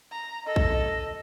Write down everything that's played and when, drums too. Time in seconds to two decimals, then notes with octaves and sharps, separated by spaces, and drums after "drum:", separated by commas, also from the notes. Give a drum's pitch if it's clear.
0.11 A#5
0.46 A4 D#5
0.56 drum: kick A#1